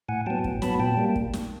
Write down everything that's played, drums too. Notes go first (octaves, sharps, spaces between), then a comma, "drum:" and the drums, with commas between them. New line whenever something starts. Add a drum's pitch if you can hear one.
A2 F#5 G#5
F#3 B3 G5 A5
A2, drum: kick
F#3 B3 A5 B5, drum: snare
A#2 G5 A5
G3 A#3
drum: kick
drum: snare